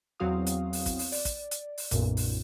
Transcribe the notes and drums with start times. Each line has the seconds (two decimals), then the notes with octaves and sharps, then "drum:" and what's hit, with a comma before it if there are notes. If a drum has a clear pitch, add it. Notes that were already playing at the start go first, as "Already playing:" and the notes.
0.20 E2 F#3 C4 F#4 F5 D#6
0.47 drum: hi-hat
0.73 drum: open hi-hat
0.86 drum: kick, hi-hat
0.99 drum: open hi-hat
1.12 D5, drum: open hi-hat
1.25 drum: kick, hi-hat
1.51 drum: hi-hat
1.78 drum: open hi-hat
1.91 B1 F#2 A#2, drum: kick, hi-hat
2.17 drum: open hi-hat